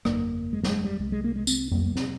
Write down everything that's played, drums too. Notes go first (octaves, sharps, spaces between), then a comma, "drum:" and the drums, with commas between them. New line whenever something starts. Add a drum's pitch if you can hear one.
G1 F2 C#3 A#3, drum: rim click
G#3
A#3, drum: snare
G#3
G3
C2 C3 G#3
G#3
A#3
G#3
C4, drum: tambourine
A#3, drum: tom F2
A#3
C3 C4, drum: snare